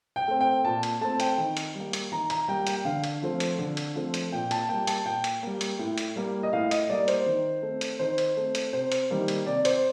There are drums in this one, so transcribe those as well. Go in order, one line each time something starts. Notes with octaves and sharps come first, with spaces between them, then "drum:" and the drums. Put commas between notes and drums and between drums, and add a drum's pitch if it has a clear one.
G5
A3 C4
G5
A#2 A5
drum: hi-hat
A3 C4 A5
G5, drum: hi-hat
D#3
drum: hi-hat
G3 A#3
drum: hi-hat
D#3 A#5
A#5, drum: hi-hat
G3 A#3 G5
G5, drum: hi-hat
D3 F5
drum: hi-hat
F3 A3 C4
drum: hi-hat
D3
drum: hi-hat
F3 A3 C4
drum: hi-hat
A#2 G5
A5, drum: hi-hat
G3 A#3 G5
A5, drum: hi-hat
A#2 G5
drum: hi-hat
G3 A#3
drum: hi-hat
A2
drum: hi-hat
G3 A#3
D#5
A2 F5
D#5, drum: hi-hat
G3 A#3 D5
C5, drum: hi-hat
D#3
A3 C4
drum: hi-hat
D#3 C5
drum: hi-hat
A3 C4
drum: hi-hat
C3 C5
drum: hi-hat
D#3 G3 A#3
drum: hi-hat
C3 D5
C5, drum: hi-hat